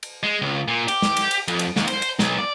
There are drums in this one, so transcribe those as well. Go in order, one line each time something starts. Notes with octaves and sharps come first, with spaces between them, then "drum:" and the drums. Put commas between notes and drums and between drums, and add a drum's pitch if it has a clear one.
drum: cymbal
G#3
C#2
A#2
G4, drum: cymbal
drum: snare
drum: cymbal
drum: cymbal
F2, drum: cymbal
drum: cymbal
D#2, drum: snare
C5, drum: cymbal
drum: cymbal
B1, drum: snare
D5